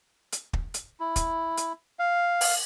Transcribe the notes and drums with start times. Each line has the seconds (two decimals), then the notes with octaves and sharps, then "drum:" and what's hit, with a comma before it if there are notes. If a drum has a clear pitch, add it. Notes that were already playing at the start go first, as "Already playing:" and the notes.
0.33 drum: hi-hat
0.53 drum: kick
0.74 drum: hi-hat
1.00 E4
1.16 drum: kick, hi-hat
1.57 drum: hi-hat
1.99 F5
2.41 drum: open hi-hat